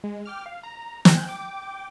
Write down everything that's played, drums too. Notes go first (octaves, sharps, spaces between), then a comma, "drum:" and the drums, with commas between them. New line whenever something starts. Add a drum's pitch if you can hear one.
G#3
G5 D6 F6
F5
A#5
C5 G5 G#5 F#6 G6, drum: snare
G5 D6